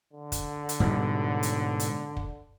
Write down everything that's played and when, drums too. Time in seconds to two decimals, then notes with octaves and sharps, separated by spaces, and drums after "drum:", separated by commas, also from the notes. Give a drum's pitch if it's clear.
0.13 D3
0.32 drum: kick, hi-hat
0.69 drum: hi-hat
0.80 G#2 B2 G3
1.43 drum: hi-hat
1.80 drum: hi-hat
2.17 drum: kick